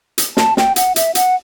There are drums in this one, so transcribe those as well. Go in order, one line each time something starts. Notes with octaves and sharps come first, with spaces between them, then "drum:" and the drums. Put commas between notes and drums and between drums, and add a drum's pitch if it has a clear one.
drum: hi-hat
A5, drum: snare
G5, drum: snare
F#5, drum: hi-hat
E5, drum: hi-hat
F#5, drum: hi-hat